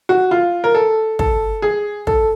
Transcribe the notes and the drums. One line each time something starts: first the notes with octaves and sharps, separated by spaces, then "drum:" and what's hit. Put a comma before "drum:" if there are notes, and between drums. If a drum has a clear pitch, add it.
F#4
F4
A#4
A4
A4, drum: kick
G#4
A4, drum: kick